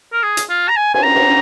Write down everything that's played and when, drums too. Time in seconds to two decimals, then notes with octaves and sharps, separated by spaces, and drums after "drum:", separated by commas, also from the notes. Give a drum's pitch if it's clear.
0.13 A#4
0.23 G#4
0.37 drum: hi-hat
0.50 F4
0.69 A#5
0.76 G#5
0.94 G#5, drum: cymbal
1.03 A#5
1.16 drum: cymbal